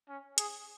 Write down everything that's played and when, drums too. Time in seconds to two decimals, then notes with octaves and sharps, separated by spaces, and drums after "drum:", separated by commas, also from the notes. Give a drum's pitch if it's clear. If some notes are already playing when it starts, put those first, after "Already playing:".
0.09 C#4
0.38 G#4, drum: hi-hat